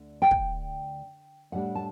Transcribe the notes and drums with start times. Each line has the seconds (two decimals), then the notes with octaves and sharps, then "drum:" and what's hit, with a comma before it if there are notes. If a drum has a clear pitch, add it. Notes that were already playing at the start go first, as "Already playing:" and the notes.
Already playing: D2 D3
0.22 G5
0.31 drum: kick
1.52 A2 G3 D4 F#5
1.75 A5